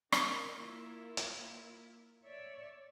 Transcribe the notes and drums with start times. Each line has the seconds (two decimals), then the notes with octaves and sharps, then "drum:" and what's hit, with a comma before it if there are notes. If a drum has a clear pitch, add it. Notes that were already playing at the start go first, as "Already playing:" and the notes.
0.12 D#3, drum: rim click
0.55 A#3 E4 F4
1.17 drum: hi-hat
2.24 C#5 D5 E5